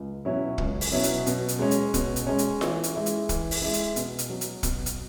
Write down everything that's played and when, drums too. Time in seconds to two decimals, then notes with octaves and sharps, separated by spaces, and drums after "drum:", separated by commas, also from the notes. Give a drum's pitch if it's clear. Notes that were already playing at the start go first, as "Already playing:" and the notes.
Already playing: C#2
0.25 B2 F#3 C#4 E4
0.58 C#2, drum: kick
0.81 drum: open hi-hat
0.92 B2 F#3 C#4 E4
1.03 drum: hi-hat
1.27 B2, drum: hi-hat
1.48 drum: hi-hat
1.59 G#3 C#4
1.71 drum: hi-hat
1.94 B2, drum: kick, hi-hat
2.16 drum: hi-hat
2.27 G#3 C#4
2.38 drum: hi-hat
2.61 E3, drum: snare F4
2.83 drum: hi-hat
2.95 G#3 E4
3.06 drum: hi-hat
3.29 E3, drum: kick, hi-hat
3.51 drum: open hi-hat
3.62 G#3 E4
3.73 drum: hi-hat
3.96 B2, drum: hi-hat
4.18 drum: hi-hat
4.30 F#3 B3
4.41 drum: hi-hat
4.63 B2, drum: kick, hi-hat
4.86 drum: hi-hat